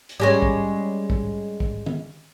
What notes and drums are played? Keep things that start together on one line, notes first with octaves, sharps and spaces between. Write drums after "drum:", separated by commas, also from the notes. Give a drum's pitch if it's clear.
drum: hi-hat
G3 G#3 C#4
drum: kick
drum: kick
drum: kick
drum: tom D#3